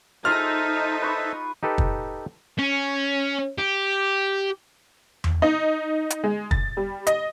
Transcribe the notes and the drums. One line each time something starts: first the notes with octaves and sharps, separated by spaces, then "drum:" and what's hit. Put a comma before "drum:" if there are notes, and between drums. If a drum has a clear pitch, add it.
D#4 F4 G#4 A4 C5 E5 F6
B4 C#6 D#6
D#4 G4 A4 B4
drum: kick
C#4
G4
drum: tom E2
D#4
drum: hi-hat
G#3
A6, drum: kick
G3
D#5, drum: hi-hat